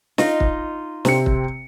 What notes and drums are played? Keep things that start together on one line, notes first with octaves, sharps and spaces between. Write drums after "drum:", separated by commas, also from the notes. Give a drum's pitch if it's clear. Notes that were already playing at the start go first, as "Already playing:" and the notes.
D#4 F4, drum: snare
drum: kick
C3 C4 C#7, drum: snare
drum: kick